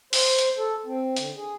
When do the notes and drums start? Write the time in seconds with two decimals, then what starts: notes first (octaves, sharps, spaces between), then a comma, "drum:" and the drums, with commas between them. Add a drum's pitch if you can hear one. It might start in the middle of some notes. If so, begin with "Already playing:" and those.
0.13 C5, drum: open hi-hat
0.39 drum: hi-hat
0.58 A4
0.86 C4
1.16 D3, drum: hi-hat
1.36 G#4